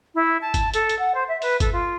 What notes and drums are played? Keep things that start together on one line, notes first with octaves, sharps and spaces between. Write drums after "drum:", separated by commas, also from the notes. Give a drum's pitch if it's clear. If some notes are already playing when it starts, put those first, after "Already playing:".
E4
A5
drum: kick G1, hi-hat
A4, drum: hi-hat
drum: hi-hat
F#5
C5
E5
B4, drum: open hi-hat
A4, drum: kick G1, hi-hat
F4